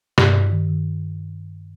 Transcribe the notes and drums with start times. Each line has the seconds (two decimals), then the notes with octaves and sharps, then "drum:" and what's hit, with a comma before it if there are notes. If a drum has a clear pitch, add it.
0.18 G2 G4, drum: snare
0.35 G2
0.51 D#3
0.69 D#3